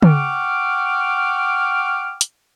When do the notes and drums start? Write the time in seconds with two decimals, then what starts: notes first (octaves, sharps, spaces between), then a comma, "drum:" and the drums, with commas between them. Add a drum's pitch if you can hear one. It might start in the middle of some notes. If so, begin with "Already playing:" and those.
0.03 F#5 G5 C#6 D6 F6, drum: tom
2.21 drum: hi-hat